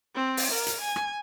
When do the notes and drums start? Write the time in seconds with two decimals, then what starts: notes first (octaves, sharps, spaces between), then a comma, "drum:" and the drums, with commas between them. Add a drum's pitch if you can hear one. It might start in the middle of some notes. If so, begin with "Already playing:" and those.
0.15 C4
0.37 drum: open hi-hat
0.52 A#4
0.67 drum: hi-hat
0.81 G#5
0.96 drum: rim click